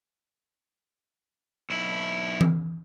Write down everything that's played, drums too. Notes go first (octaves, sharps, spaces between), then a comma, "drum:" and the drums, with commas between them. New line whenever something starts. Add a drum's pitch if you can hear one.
B1 E4
drum: tom E3